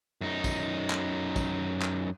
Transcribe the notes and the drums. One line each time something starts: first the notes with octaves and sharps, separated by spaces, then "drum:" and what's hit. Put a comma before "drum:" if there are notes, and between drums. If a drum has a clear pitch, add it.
F#2 D#4
drum: kick, tambourine
drum: clap
drum: kick, tambourine
drum: clap